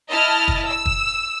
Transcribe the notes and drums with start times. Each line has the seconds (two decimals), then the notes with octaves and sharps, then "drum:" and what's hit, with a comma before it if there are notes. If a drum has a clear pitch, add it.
0.10 E4 D#5 A5 F6
0.48 drum: kick
0.67 E6
0.86 drum: kick